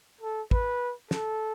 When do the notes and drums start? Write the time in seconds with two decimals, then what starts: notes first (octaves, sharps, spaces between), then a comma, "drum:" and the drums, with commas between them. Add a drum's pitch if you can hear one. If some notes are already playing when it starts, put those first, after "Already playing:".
0.21 A4
0.51 B4, drum: kick
1.11 A4, drum: snare